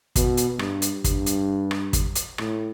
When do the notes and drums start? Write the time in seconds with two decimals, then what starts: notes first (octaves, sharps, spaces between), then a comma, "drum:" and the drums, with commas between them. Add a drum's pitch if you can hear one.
0.16 B2, drum: kick, hi-hat
0.37 drum: hi-hat
0.59 G2, drum: rim click
0.82 drum: hi-hat
1.04 G2, drum: kick, hi-hat
1.26 drum: hi-hat
1.71 drum: rim click
1.93 drum: kick, hi-hat
2.15 drum: hi-hat
2.38 A2, drum: rim click